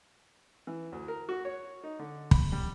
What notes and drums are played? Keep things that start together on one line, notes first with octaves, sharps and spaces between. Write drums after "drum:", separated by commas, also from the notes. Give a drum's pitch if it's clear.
E3
D2
A#4
F#4
C#5
D#4
D3
B5, drum: kick
G3